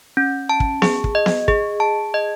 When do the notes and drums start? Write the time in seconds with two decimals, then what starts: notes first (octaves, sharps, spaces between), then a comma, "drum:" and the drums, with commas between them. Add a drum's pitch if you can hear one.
0.17 C#4
0.49 A5
0.60 drum: kick
0.82 G#4, drum: snare B3
1.04 drum: kick
1.15 D#5
1.26 drum: snare B3
1.48 G#4, drum: kick
1.80 A5
2.14 D#5